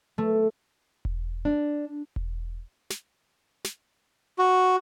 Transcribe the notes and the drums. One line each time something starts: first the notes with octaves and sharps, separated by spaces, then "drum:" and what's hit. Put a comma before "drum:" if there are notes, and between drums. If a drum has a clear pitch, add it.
A3
drum: kick E1
D4
drum: kick E1
drum: snare
drum: snare
F#4